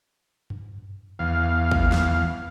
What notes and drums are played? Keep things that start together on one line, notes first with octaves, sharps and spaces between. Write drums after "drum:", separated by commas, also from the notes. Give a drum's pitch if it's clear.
drum: tom F#2
E2 F5
drum: kick G#1
drum: snare